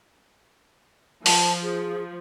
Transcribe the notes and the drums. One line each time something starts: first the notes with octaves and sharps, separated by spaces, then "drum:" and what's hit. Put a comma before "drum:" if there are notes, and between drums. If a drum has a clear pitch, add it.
F3 A5, drum: open hi-hat
G#4